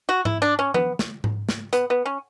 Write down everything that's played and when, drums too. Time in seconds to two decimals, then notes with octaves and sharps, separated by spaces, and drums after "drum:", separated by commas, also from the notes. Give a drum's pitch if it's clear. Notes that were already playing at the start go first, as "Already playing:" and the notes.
0.09 F#4
0.25 E4, drum: tom G#2
0.42 D4
0.59 C#4
0.74 B3, drum: tom F3
0.99 drum: snare
1.24 drum: tom G#2
1.49 drum: snare
1.73 B3, drum: hi-hat
1.90 B3
2.06 C#4